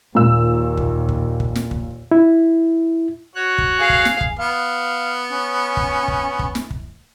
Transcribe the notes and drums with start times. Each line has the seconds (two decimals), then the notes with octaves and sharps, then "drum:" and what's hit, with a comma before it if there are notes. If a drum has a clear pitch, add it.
0.15 D#2 A#2 E6
0.77 drum: kick
1.09 drum: kick
1.40 drum: kick
1.55 drum: snare
1.71 drum: kick
2.12 E4
3.35 F#4 C#5 F#6
3.58 drum: kick
3.79 G#4 F5
3.90 drum: kick
4.05 drum: snare
4.21 drum: kick
4.39 B3 F5
5.32 C#4
5.77 drum: kick
6.08 drum: kick
6.39 drum: kick
6.55 drum: snare
6.71 drum: kick